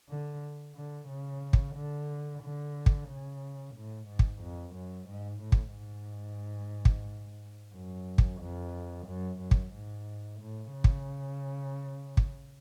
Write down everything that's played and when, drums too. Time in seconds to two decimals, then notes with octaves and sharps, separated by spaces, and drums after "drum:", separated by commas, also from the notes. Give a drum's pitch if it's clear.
0.09 D3
0.75 D3
1.09 C#3
1.53 drum: kick
1.75 D3
2.43 D3
2.86 drum: kick
3.08 C#3
3.75 A2
4.08 G#2
4.19 drum: kick
4.41 F2
4.75 F#2
5.08 G#2
5.42 A2
5.52 drum: kick
5.74 G#2
6.85 drum: kick
7.74 F#2
8.18 drum: kick
8.41 F2
9.07 F#2
9.40 F#2
9.51 drum: kick
9.73 G#2
10.40 A2
10.73 C#3
10.84 drum: kick
12.17 drum: kick